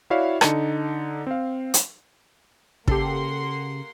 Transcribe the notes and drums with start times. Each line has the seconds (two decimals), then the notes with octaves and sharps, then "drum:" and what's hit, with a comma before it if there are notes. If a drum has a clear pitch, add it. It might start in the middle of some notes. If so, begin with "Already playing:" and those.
0.10 E4 F#4 C#5 D5 E5 F5
0.41 D3 D#4 A5 C#7, drum: rim click
1.27 C4 F5
1.74 drum: hi-hat
2.88 C#3 A#3 G4 A4 F#5 C6, drum: kick